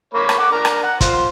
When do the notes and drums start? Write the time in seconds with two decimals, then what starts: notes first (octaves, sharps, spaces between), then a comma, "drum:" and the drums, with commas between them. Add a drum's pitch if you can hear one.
0.14 A#3 C#5 B5
0.29 drum: rim click
0.38 F#5 D6
0.52 D4 A#4 A#5
0.65 drum: rim click
0.83 F#5
1.01 F4 C5, drum: kick, hi-hat